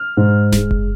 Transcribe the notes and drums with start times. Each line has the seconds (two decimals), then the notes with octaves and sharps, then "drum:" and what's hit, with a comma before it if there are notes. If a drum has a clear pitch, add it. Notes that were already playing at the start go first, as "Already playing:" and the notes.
Already playing: F6
0.17 G#2
0.52 G#3, drum: snare D#1
0.71 drum: kick F#1